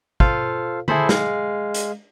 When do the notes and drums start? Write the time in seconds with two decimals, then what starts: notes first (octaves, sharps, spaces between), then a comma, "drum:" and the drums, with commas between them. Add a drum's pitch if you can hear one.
0.20 F4 A4 C5 F5, drum: kick
0.88 E4 G#4 A4 C5 B5, drum: tom D3
1.09 G#3 F5, drum: snare
1.74 drum: hi-hat